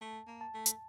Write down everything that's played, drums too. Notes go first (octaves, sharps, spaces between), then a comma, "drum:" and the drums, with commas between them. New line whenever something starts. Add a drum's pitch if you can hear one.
A3 A5
A#3
A5
A3
drum: hi-hat